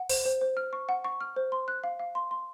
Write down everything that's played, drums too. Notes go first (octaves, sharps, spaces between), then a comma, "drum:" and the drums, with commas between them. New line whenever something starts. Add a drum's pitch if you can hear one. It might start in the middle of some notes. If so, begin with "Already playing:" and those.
Already playing: F#5
C5, drum: open hi-hat
C5
C5
F6
C#6
F#5
C#6
F6
C5
C6
F#6
F5
F5
C6
C6